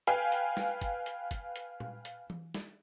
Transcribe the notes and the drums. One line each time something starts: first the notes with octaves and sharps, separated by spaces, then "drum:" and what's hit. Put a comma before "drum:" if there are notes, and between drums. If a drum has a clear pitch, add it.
B4 F5 G5 G#5, drum: hi-hat
drum: hi-hat
drum: snare
drum: kick, hi-hat
drum: hi-hat
drum: kick, hi-hat
drum: hi-hat
drum: tom A#2
drum: hi-hat
drum: tom E3
drum: snare